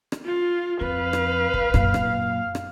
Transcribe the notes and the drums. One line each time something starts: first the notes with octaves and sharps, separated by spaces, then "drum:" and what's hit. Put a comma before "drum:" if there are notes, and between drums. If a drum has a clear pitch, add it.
drum: rim click
F4
F2 B4 F5
drum: rim click
drum: kick
F#2 A#2, drum: rim click
drum: rim click
drum: rim click